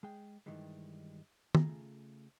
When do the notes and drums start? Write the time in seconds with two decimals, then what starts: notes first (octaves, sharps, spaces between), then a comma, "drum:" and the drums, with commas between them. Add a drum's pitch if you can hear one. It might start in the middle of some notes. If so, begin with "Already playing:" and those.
0.03 G#3 G#4 G5
0.46 G2 C3 D#3 E3 G3 G#3
1.55 C#3 A3 F4 G#4 A#5, drum: tom